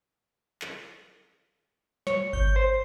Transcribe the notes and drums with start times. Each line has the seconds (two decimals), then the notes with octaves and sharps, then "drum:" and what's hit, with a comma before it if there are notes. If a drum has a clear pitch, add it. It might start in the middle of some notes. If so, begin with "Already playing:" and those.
0.62 drum: clap
2.07 C#5, drum: snare
2.33 G6, drum: kick G1
2.56 C5